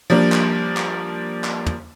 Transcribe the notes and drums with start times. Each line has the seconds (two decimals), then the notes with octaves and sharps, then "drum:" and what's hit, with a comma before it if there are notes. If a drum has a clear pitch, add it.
0.10 F3 G3 A#3 D4
0.32 drum: clap
0.77 drum: clap
1.44 drum: clap
1.66 drum: tom